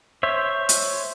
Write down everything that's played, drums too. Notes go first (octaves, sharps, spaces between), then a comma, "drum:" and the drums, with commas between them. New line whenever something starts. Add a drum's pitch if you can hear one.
C5 C#5 E5
drum: hi-hat